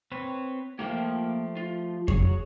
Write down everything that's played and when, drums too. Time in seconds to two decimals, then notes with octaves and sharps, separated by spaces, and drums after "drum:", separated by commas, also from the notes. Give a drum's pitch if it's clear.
0.12 C4 B4 C#5
0.79 F3 A3 A#3 G4 A#4 G5
1.57 F4
2.08 F#3 G#4 C#5, drum: kick F2